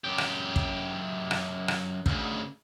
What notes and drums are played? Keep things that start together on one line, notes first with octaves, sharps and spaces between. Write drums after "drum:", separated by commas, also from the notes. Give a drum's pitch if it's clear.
F#2 G4
drum: rim click
drum: kick
drum: rim click
drum: rim click
D2 C#3, drum: kick